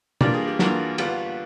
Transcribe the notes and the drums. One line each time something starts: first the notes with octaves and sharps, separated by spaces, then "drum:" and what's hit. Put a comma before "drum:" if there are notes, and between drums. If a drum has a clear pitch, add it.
E3 G3 A#3 D4 F4 D5, drum: tom
G#4
G4
E3 G3 A#3 D4 F4 F#4, drum: snare
D3 G3 B3 D4 F4, drum: cymbal